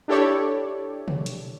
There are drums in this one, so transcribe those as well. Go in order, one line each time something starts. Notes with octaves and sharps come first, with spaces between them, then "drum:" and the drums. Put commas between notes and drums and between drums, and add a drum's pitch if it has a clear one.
D4 E4 G4 A4 C#5 D5
drum: tom
drum: hi-hat